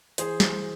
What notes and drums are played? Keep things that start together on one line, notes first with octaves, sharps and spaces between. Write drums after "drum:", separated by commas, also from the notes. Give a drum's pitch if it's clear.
E3 G#4 C5, drum: hi-hat
drum: snare